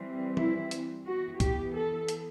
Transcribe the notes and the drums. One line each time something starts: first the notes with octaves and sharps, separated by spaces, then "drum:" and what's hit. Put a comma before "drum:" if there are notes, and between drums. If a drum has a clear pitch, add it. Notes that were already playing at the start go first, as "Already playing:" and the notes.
Already playing: E3 G3 C4
E4, drum: tom E3
drum: hi-hat
E3 B3 F#4
G4, drum: kick, hi-hat
A4
drum: hi-hat